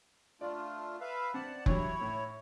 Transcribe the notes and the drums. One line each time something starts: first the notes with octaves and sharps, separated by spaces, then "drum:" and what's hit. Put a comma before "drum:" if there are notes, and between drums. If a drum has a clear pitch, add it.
A3 D4 F4 D5
B4 E5 F5
C4 D5 F#5 A5
E3 F#3 G3 E4 C#5, drum: kick F1
A2